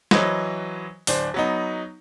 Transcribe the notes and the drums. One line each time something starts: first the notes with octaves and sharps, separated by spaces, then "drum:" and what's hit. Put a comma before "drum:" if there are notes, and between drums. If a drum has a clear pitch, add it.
E3 F#3 B4 C5 D#5, drum: snare
D1 D4 C5, drum: open hi-hat
F#3 B3 D#4